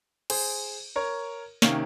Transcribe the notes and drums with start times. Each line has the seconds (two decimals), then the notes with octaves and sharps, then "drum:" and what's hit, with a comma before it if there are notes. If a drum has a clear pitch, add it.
0.30 G#4 C5, drum: cymbal
0.96 A#4 C#5
1.62 C3 D#3 A#3 C#4 C#5 F5, drum: snare